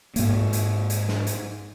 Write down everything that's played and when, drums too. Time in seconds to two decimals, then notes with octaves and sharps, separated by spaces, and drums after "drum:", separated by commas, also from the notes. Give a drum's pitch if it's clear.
0.16 G#2 A#3, drum: hi-hat
0.53 drum: hi-hat
0.90 drum: hi-hat
1.08 drum: snare
1.27 drum: hi-hat